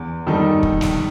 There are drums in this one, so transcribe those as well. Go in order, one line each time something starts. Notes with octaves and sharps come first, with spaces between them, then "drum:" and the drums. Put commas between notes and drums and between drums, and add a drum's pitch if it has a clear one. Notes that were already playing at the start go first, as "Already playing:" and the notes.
Already playing: E2
D#3 G3 D#4 A4
drum: kick
drum: snare